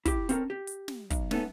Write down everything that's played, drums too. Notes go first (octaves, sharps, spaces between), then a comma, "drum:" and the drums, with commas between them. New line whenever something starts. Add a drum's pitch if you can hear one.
E4 G4, drum: kick, hi-hat
C4 C#4 F4 A4 A#4, drum: hi-hat
G4
drum: hi-hat
drum: snare
B1, drum: kick, hi-hat
A3 B3 C#4 D#4 A4, drum: snare